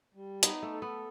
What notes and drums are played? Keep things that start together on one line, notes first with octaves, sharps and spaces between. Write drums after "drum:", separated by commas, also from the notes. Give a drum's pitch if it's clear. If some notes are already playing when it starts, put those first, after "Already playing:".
G3
B3 D#4, drum: hi-hat
A3
A4
B3